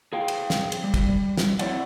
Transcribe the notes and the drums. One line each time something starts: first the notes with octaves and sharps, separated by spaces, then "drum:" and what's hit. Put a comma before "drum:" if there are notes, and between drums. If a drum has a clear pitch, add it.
G#4 F5 G5
drum: cymbal
drum: snare
drum: cymbal
G3
drum: kick, cymbal
G3
drum: snare
C4 E4 C#5 D5 F#5, drum: cymbal